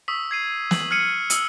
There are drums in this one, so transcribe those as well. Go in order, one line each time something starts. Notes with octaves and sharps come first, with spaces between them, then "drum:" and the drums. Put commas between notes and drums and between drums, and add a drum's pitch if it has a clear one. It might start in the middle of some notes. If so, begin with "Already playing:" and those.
C#6 D#6 E6 B6
G#6 C7 D#7
F#7, drum: snare
F6 G#6 C7 C#7 D#7
D#6 E6 C#7 D#7, drum: hi-hat